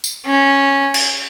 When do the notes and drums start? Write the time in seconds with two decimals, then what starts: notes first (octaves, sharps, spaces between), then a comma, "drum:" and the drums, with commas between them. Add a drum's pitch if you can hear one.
0.04 drum: tambourine
0.26 C#4
0.94 drum: cymbal